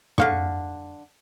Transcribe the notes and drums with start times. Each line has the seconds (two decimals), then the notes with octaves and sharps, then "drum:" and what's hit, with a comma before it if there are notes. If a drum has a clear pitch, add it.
0.18 D3 F5 C#6, drum: tom